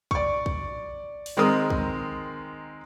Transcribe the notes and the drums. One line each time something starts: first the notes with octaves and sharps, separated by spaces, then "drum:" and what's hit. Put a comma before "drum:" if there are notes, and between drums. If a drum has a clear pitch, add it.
D5 C#6, drum: kick
drum: kick
drum: open hi-hat
D#3 G#3 C4 A#4 D#6
drum: kick